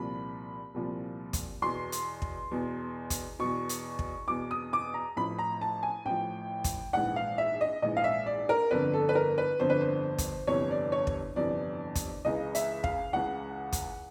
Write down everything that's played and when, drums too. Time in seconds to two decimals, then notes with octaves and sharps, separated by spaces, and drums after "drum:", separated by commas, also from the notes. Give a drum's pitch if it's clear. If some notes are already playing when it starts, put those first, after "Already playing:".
Already playing: C2 A#2 F3 B5
0.74 C2 A#2 F3
1.33 drum: kick, hi-hat
1.62 E2 B2 C6
1.92 drum: hi-hat
2.22 drum: kick
2.51 E2 B2
3.10 drum: kick, hi-hat
3.39 E2 B2 C#6
3.69 drum: hi-hat
3.99 drum: kick
4.28 E2 B2 D6
4.51 D#6
4.73 D6
4.94 A#5
5.16 A1 A2 F3 B5
5.39 A#5
5.61 A5
5.83 G#5
6.05 A1 A2 F3 G5
6.64 drum: kick, hi-hat
6.93 A#1 G#2 E3 F#5
7.16 F5
7.38 E5
7.61 D#5
7.82 A#1 G#2 E3 D#5
7.97 F5
8.04 E5
8.26 D5
8.49 A#4
8.71 G1 F2 D3 B4
8.94 A4
9.09 B4
9.15 A#4
9.38 B4
9.60 G1 F2 D3 C5
9.70 B4
9.81 C5
10.18 drum: kick, hi-hat
10.47 G1 F2 C3 E3 C#5
10.71 D5
10.92 C#5
11.07 drum: kick
11.36 G1 F2 C3 E3 D5
11.95 drum: kick, hi-hat
12.25 C#2 C#3 E3 D#5
12.55 E5, drum: hi-hat
12.84 F5, drum: kick
13.13 C#2 C#3 E3 F#5
13.72 drum: kick, hi-hat